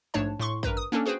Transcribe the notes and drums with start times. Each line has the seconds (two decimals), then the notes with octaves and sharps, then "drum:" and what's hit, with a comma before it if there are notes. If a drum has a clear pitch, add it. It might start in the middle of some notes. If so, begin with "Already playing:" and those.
0.14 A#1 G#2 A3 D4 C#5 A5
0.40 A2 C6 C#6
0.63 G2 A#4 B4 A#5, drum: kick A1
0.77 D#6
0.92 A#3 C#4 D4 A4
1.05 F#4 G#4 B4 C5 G5